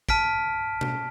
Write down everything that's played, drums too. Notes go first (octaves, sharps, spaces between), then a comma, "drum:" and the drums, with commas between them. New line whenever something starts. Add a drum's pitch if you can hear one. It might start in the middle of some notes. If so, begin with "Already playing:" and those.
A5 F6 B6 D7, drum: kick
drum: tom B2